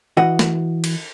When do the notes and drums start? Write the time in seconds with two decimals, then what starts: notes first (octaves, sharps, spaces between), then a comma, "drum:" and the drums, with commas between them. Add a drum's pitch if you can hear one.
0.17 E3 F#4 D#5 F#5
0.39 drum: snare
0.84 drum: cymbal